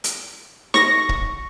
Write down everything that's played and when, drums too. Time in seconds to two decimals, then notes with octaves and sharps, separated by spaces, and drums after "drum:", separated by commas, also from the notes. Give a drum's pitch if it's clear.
0.04 drum: hi-hat
0.74 C#6 A#6, drum: snare
1.09 drum: kick C#1